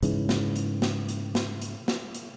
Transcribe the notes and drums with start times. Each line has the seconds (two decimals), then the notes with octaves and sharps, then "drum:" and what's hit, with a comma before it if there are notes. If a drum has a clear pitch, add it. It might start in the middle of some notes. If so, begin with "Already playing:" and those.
0.03 G#2 C#3 E3, drum: hi-hat
0.29 drum: snare
0.56 drum: hi-hat
0.82 drum: snare
1.09 drum: hi-hat
1.35 drum: snare
1.62 drum: hi-hat
1.88 drum: snare
2.14 drum: hi-hat